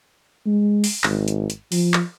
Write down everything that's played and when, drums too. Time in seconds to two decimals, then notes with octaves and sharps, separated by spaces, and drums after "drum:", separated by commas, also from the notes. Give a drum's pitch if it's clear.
0.46 G#3
0.84 drum: open hi-hat
1.04 G#1, drum: clap
1.28 drum: hi-hat
1.50 drum: hi-hat
1.72 F3, drum: open hi-hat
1.94 drum: clap